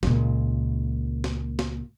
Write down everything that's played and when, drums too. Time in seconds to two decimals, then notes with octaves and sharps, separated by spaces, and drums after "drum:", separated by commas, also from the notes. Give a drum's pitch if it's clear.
0.03 C#2 A#2, drum: snare
1.24 drum: snare
1.59 drum: snare